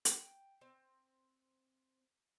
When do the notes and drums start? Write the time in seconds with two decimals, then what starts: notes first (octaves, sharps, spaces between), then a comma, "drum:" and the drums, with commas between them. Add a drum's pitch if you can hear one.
0.05 G5, drum: hi-hat
0.61 C4